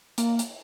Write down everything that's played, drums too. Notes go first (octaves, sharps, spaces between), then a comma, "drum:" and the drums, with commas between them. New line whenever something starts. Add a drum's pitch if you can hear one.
A#3, drum: hi-hat
drum: hi-hat